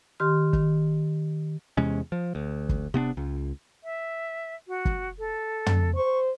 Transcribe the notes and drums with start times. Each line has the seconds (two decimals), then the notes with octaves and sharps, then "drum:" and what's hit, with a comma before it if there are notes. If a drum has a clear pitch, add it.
0.20 D#3 G4 C6 F6
0.53 D#3, drum: kick
1.77 E2 C3 G#3 C#4
2.12 F3
2.35 D2
2.69 drum: kick
2.94 C3 B3 C4 D4
3.17 C#2
3.84 E5
4.68 F#4
4.85 drum: kick
5.19 A4
5.66 drum: tom
5.95 C5 C#6